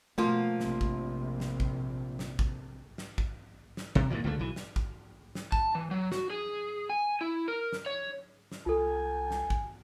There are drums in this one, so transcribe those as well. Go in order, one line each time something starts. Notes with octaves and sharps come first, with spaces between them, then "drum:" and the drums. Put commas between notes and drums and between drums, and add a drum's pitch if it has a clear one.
B2 F3 A3 A#3 F4
A#1 C3, drum: snare
drum: kick
drum: snare
drum: kick
drum: snare
drum: kick
drum: snare
drum: kick
drum: snare
C3, drum: kick
G2 A#2 E3 F#3
C#2 D3 E3 A3
B1 E3
drum: snare
drum: kick
drum: snare
A5, drum: kick
E3
F#3
F#4, drum: snare
G#4
G#5
E4
A#4
drum: snare
C#5
drum: snare
C2 F4 A4 G#5
drum: snare
drum: kick